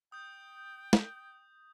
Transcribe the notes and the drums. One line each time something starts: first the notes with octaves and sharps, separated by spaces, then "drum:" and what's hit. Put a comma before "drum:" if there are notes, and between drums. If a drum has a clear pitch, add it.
G5 D#6 G6
drum: snare